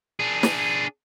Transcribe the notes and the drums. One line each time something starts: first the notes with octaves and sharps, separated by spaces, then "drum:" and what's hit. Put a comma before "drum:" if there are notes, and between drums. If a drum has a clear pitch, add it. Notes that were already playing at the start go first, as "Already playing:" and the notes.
D4 G#4
drum: snare